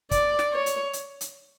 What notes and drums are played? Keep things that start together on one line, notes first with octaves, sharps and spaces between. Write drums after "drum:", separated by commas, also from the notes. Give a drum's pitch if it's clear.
D5, drum: kick, hi-hat
drum: snare
C#5
drum: hi-hat
drum: hi-hat
drum: hi-hat